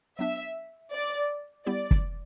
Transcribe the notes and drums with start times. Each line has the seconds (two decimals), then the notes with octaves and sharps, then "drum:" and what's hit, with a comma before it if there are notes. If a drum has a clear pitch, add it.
0.19 F#3 B3 D4 E5
0.93 D5
1.66 G3 B3 E4 G4 D5
1.91 drum: kick